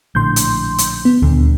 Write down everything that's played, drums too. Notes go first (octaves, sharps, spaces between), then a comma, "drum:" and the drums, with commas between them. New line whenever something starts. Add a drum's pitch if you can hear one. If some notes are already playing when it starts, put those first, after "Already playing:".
A#1 A2 D3 C6 G6
drum: hi-hat
drum: hi-hat
B3
D#1 D2 D3